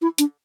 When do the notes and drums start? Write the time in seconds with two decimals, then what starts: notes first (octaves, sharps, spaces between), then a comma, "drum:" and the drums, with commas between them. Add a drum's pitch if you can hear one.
0.02 E4
0.18 D4, drum: hi-hat